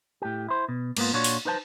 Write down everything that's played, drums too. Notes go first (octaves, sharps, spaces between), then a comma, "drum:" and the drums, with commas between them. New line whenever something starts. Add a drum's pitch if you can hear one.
A2 G4
E4 C5
B2
G#2 A#3 B3 F4, drum: cymbal
A#2 D4 F4 F#4 C#5
drum: open hi-hat
D#4 B4 C5 F#5 A5